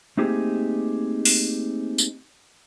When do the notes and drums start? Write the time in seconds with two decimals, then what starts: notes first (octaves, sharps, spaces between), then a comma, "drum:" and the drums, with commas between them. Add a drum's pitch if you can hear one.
0.17 A3 A#3 C4 D#4 G4 G#4
1.25 drum: open hi-hat
1.98 drum: tambourine